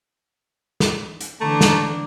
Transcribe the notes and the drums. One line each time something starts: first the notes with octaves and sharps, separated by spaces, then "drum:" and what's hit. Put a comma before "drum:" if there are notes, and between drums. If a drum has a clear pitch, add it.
drum: snare
drum: hi-hat
D3 E3 A3 D4 A#5
drum: snare